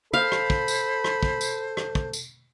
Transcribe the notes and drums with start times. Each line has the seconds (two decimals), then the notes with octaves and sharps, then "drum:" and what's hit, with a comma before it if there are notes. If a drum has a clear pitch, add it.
0.14 A4 C5 F5 B5
0.32 drum: rim click
0.50 drum: kick
0.68 drum: tambourine
1.04 drum: rim click
1.23 drum: kick
1.41 drum: tambourine
1.77 drum: rim click
1.95 drum: kick
2.13 drum: tambourine